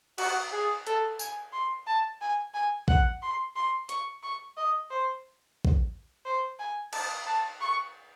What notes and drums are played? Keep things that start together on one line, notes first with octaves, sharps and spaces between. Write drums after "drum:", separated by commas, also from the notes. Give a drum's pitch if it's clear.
F#4, drum: cymbal
G#4
A4, drum: hi-hat
G#5, drum: tambourine
C6
A5
G#5
G#5
F#5, drum: kick A#1
C6
C6
C#6, drum: hi-hat
C#6
D#5
C5
drum: kick A#1
C5
G#5
A5, drum: cymbal
A5
C#6